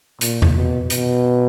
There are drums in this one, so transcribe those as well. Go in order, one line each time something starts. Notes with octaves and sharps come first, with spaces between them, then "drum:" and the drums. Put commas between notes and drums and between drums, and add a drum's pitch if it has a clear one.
A#2, drum: hi-hat
drum: tom E2
B2
B2, drum: hi-hat